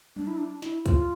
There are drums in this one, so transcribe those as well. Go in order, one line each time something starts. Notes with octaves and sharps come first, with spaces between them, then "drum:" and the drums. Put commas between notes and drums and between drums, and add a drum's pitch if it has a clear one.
D4, drum: tom F#3
E4
D4
E4, drum: snare
F4, drum: kick, hi-hat